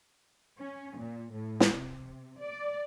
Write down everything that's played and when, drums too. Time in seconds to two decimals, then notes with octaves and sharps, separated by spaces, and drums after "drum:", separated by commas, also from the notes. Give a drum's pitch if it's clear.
0.59 C#4
0.97 A#2
1.33 A2
1.60 drum: snare
1.75 C3
2.41 D5